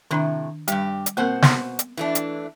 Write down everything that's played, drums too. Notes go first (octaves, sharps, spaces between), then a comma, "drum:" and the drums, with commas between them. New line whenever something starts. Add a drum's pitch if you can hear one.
A2 C3 D#3 D4 A#5
G2 G3 G4, drum: hi-hat
drum: hi-hat
B2 A#3 C4 A#4 C5 F#5
B3 C6, drum: snare
drum: hi-hat
E3 A3 D4
drum: hi-hat